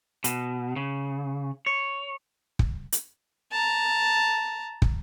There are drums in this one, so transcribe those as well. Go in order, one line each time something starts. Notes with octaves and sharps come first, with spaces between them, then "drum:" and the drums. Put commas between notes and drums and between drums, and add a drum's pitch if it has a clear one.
B2, drum: hi-hat
C#3
C#5
drum: kick
drum: hi-hat
A5 A#5
drum: kick